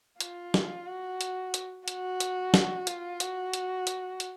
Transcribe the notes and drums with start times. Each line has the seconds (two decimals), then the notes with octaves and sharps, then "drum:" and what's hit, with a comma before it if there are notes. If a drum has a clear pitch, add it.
0.21 F4, drum: hi-hat
0.54 drum: snare
0.87 F#4
1.21 drum: hi-hat
1.54 drum: hi-hat
1.88 F#4, drum: hi-hat
2.20 drum: hi-hat
2.54 drum: snare
2.87 F4, drum: hi-hat
3.20 F#4, drum: hi-hat
3.53 drum: hi-hat
3.87 drum: hi-hat
4.20 drum: hi-hat